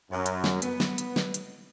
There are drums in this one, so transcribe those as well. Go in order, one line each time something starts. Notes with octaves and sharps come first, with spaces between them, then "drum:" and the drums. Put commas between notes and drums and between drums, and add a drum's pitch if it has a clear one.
F#2
drum: hi-hat
drum: snare
B3, drum: hi-hat
drum: snare
drum: hi-hat
drum: snare
drum: hi-hat